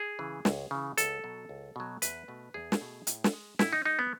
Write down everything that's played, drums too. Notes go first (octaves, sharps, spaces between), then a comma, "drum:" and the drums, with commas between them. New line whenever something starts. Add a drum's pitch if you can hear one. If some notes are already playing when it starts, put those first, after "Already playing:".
Already playing: G#4
C#3 E3
C#2, drum: snare
C#3 E3
C#2 A4, drum: hi-hat
B2 F#3
C#2
B2 F#3
E2 B4, drum: hi-hat
B2 A3
E2 G#4
drum: snare
B2 A3
A2, drum: hi-hat
drum: snare
G#3
A2 E4, drum: snare
D#4
G#3 D#4
B3